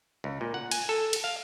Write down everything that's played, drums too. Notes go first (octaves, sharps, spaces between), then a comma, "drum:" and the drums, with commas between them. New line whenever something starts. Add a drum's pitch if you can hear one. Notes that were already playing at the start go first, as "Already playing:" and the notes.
C#2
A#2
F#5
G#5, drum: cymbal
A4
drum: cymbal
F5